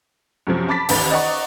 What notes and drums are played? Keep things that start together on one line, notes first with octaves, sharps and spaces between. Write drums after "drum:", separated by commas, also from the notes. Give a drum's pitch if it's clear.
F#2 C3 F3
A5 B5 D6 A6 B6
A1 D#2 D#3 B4 A6, drum: open hi-hat
D#4 D5 D#5 F#5 A#5 C#6